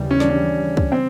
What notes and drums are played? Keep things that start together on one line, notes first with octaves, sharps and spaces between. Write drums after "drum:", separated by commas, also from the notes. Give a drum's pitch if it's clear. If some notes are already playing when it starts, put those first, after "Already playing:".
Already playing: D#2 C#3 E3 G3
C#4
D4, drum: snare
C#4
drum: kick
C4